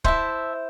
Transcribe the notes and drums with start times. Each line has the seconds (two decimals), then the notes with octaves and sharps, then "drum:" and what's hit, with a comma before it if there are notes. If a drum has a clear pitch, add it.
0.04 E4 C5 E5 A5, drum: kick